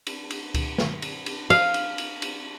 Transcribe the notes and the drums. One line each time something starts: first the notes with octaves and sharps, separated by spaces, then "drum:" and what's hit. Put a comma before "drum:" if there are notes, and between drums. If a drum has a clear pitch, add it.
drum: cymbal
drum: cymbal
drum: kick C#2, cymbal
drum: snare
drum: cymbal
drum: cymbal
F5, drum: cymbal
drum: cymbal
drum: cymbal
drum: cymbal